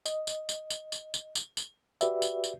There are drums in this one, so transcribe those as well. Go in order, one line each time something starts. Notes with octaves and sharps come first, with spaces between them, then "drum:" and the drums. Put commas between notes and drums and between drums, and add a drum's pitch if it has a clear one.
D#5, drum: tambourine
drum: tambourine
drum: tambourine
drum: tambourine
drum: tambourine
drum: tambourine
drum: tambourine
drum: tambourine
F#4 G4 B4 D5 E5, drum: tambourine
drum: tambourine
drum: tambourine